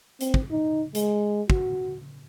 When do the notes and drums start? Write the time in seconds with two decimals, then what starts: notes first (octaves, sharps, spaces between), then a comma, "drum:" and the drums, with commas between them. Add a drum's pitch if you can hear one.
0.21 C4, drum: hi-hat
0.34 drum: kick
0.51 D#4
0.95 G#3, drum: hi-hat
1.50 F#4, drum: kick